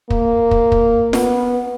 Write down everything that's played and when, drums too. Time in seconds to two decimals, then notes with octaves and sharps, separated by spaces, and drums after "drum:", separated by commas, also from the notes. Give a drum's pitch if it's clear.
0.10 A#3, drum: kick
0.51 drum: kick
0.72 drum: kick
1.13 B3, drum: snare F4